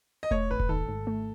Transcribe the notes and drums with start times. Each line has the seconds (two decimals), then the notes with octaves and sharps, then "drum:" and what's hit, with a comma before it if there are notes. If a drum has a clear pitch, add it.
0.23 D#5
0.31 A3 C#5, drum: kick E1
0.50 G#1 B4
0.60 drum: kick E1
0.69 D#3 A4
0.88 G#2
1.07 A3